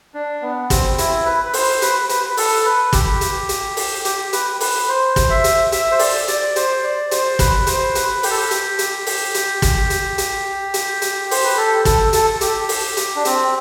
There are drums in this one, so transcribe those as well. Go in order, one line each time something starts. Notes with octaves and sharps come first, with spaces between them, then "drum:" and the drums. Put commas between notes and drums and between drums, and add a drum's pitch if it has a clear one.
D4
B3
C4, drum: kick, hi-hat
E4, drum: hi-hat
B4
B4
C5, drum: open hi-hat
B4, drum: hi-hat
B4, drum: hi-hat
B4
A4, drum: open hi-hat
B4
G4, drum: kick, hi-hat
drum: hi-hat
drum: hi-hat
drum: open hi-hat
G4, drum: hi-hat
B4, drum: hi-hat
B4, drum: open hi-hat
C5
drum: kick, hi-hat
E5
drum: hi-hat
E5, drum: hi-hat
C5
D5, drum: open hi-hat
D5, drum: hi-hat
C5, drum: hi-hat
D5
C5, drum: hi-hat
B4, drum: kick, hi-hat
C5, drum: hi-hat
B4, drum: hi-hat
G4, drum: open hi-hat
A4
G4
drum: hi-hat
drum: hi-hat
drum: open hi-hat
drum: hi-hat
drum: kick, hi-hat
drum: hi-hat
drum: hi-hat
drum: hi-hat
drum: hi-hat
C5, drum: open hi-hat
B4
A4
A4, drum: kick, hi-hat
A4, drum: hi-hat
A4
G4, drum: hi-hat
drum: open hi-hat
drum: hi-hat
D4
C4, drum: hi-hat